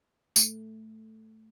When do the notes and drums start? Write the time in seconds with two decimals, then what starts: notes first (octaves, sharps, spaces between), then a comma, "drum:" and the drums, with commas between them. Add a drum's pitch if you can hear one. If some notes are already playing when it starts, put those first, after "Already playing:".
0.36 A3, drum: tambourine